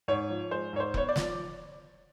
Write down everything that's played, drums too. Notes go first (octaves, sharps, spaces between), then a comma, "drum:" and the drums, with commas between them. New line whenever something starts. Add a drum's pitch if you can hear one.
G#2 C#5
F3
G#3 C5
G#2 C#5
C5
B3 C#5, drum: kick E1
D5
F3, drum: snare